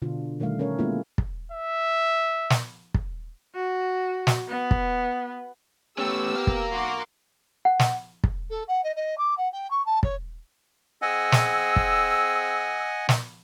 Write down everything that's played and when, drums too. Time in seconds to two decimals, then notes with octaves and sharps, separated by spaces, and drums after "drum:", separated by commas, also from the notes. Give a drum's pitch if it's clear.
0.02 B2 D3 D4 F4
0.40 B2 D#3 G3 A3 F5
0.59 C#4 A4 A#4 C#5
0.79 G#3 A#3 B3 C#4 E4 F4
1.18 drum: kick
1.52 E5
2.50 drum: snare
2.94 drum: kick
3.55 F#4
4.27 drum: snare
4.49 B3
4.71 drum: kick
5.98 A3 B3 C#4 G4 E6
6.36 A#4 F5
6.47 drum: kick
6.72 B1 F#4 C6 D6
7.65 F#5
7.79 drum: snare
8.24 drum: kick
8.50 A4
8.68 F#5
8.83 D#5
8.96 D#5
9.17 D6
9.37 F#5
9.52 G5
9.70 C#6
9.85 A5
10.03 C#5, drum: kick
11.02 C4 G#4 D#5 F#5 G#5 E6
11.32 drum: snare
11.76 drum: kick
13.09 drum: snare